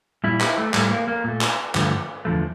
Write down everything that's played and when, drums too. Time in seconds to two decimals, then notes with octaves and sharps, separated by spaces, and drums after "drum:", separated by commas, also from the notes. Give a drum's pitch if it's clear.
0.24 A#2 G3 E4
0.41 E4, drum: clap
0.58 A3
0.74 A2 G3 A3, drum: clap
0.91 A#3
1.08 A#3
1.24 A#2 A3
1.41 drum: clap
1.75 G2 D3 F3 A3, drum: clap
2.25 E2 D3 F3 A3